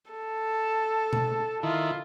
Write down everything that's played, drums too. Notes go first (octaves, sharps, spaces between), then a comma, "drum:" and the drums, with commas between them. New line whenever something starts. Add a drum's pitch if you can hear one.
A4
drum: tom B2
D#3 E4 F4